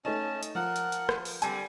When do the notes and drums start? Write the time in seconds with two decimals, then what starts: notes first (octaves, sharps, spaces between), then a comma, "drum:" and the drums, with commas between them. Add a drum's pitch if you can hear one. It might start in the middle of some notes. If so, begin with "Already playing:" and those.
0.05 A3 C#4 D#4 A5
0.43 drum: hi-hat
0.55 F3 A#4 F#5
0.76 drum: hi-hat
0.92 drum: hi-hat
1.09 drum: rim click
1.25 drum: open hi-hat
1.42 D3 G3 C4 C5 G#5, drum: hi-hat